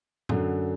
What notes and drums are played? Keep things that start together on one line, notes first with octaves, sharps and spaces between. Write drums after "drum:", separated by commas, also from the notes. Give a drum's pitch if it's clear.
F#2 D3 F#3, drum: tom A2